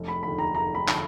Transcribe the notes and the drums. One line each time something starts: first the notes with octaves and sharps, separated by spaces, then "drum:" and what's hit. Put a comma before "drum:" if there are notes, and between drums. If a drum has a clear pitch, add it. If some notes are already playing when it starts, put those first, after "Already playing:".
Already playing: F1
B5
D#2 D3 B5
A#5
F1 A#5
B5
D3, drum: clap